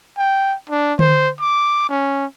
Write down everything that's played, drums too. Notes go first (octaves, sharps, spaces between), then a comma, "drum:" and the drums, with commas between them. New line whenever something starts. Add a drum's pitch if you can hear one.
G5
D4
C5, drum: tom D3
D6
C#4